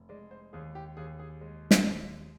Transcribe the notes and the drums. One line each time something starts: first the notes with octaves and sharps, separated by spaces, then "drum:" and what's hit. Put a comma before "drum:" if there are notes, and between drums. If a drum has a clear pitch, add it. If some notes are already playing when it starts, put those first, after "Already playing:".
Already playing: F1
G#3 D5
C5
D#2 G#4
G4
D#2 G#4
G#4
G#3
drum: snare
D#2